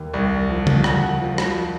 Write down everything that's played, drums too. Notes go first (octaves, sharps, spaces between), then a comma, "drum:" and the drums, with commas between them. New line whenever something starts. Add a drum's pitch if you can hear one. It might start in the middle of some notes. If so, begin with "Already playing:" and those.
Already playing: D#2
C2
F3
drum: tom C#3
C2 F#5, drum: rim click
F3
drum: rim click